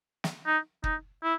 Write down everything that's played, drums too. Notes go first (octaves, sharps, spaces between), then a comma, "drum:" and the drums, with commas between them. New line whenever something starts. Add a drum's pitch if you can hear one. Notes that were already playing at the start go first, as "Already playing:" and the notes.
drum: snare
D#4
D#4, drum: kick
E4